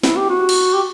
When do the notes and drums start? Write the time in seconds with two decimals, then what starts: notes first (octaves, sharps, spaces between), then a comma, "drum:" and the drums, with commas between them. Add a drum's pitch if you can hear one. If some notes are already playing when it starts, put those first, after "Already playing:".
0.04 E4, drum: snare
0.17 G4
0.29 F#4
0.49 drum: cymbal
0.74 G4